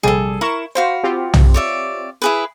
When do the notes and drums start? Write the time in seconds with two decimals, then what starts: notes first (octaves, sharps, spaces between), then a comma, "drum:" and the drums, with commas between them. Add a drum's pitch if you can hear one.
0.03 A#1 C3 G3 G#4 A4
0.41 E4 A#4 C#6 E7
0.75 F#4 C5 F5 B5
1.03 C4 F4 G4
1.34 drum: tom B1
1.54 C#5 D5 E5
2.22 E4 G#4 B4